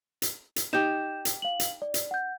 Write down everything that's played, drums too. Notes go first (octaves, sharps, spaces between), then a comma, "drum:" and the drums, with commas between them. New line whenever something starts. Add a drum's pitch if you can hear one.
drum: hi-hat
drum: hi-hat
D#4 G4 G6 E7
drum: hi-hat
F5 F#7
drum: hi-hat
D5
drum: hi-hat
F#5 G6